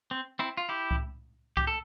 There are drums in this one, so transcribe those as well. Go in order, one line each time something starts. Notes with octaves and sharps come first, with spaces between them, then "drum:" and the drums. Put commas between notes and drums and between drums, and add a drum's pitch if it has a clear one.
C4
C4 E4
F4
E4 G4
drum: kick C2
G4, drum: kick C2
A4